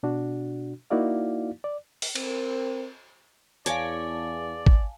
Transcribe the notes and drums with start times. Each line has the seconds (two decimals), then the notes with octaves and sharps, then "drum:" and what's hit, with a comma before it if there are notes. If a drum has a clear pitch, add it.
0.03 B2 D4 F#4
0.90 A#3 D#4 E4 F#4 D5 F5
1.64 D5
2.02 drum: open hi-hat
2.15 C4 A#4, drum: cymbal
3.66 E2 C#5 D5 F5 G#5 A5 D6, drum: hi-hat
4.66 drum: kick